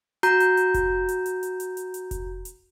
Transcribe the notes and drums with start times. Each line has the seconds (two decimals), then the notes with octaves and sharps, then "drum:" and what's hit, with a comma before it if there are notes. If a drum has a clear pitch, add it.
0.23 F#4 A#5 G6, drum: hi-hat
0.40 drum: hi-hat
0.57 drum: hi-hat
0.74 drum: kick F1, hi-hat
1.09 drum: hi-hat
1.26 drum: hi-hat
1.43 drum: hi-hat
1.60 drum: hi-hat
1.77 drum: hi-hat
1.94 drum: hi-hat
2.11 drum: kick F1, hi-hat
2.45 drum: hi-hat